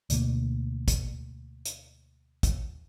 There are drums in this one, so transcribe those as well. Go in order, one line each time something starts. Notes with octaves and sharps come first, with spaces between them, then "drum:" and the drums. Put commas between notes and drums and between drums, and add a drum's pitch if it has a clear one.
D2 B2 A#3, drum: hi-hat
drum: kick, hi-hat
drum: hi-hat
drum: kick, hi-hat